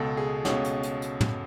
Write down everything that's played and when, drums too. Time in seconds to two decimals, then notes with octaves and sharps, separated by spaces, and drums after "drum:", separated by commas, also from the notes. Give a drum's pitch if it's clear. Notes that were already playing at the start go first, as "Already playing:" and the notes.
Already playing: C#2 B2 A4
0.17 G#4
0.45 C#2 B2 C#4, drum: snare
0.64 drum: hi-hat
0.83 drum: hi-hat
1.02 drum: hi-hat
1.21 drum: tom